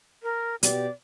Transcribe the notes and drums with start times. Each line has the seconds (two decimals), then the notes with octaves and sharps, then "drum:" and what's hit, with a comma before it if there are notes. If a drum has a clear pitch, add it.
0.23 A#4
0.63 B2 B3 G4 D5, drum: hi-hat